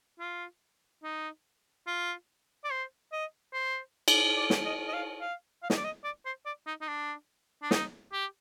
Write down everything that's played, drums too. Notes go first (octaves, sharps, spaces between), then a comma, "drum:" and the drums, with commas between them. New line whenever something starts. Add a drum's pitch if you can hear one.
F4
D#4
F4
D5
C5
D#5
C5
drum: cymbal
D5
drum: snare
D#5
D#5
F5
F5
F5
D#5, drum: snare
D5
D#5
D5
C5
D5
D#4
D#4
D4
D4
D#4, drum: snare
G4